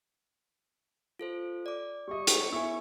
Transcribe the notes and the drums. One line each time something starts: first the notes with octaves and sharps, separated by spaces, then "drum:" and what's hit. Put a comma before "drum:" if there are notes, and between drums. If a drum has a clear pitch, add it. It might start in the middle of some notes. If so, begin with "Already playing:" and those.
F4 A4 C5
D5 D6
G3 D#5 C#6
drum: hi-hat
B3 E4 G#5